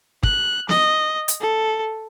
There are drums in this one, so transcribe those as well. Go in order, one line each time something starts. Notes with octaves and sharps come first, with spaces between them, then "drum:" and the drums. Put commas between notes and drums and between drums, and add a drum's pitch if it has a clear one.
F#6, drum: kick
D#5, drum: snare
drum: hi-hat
A4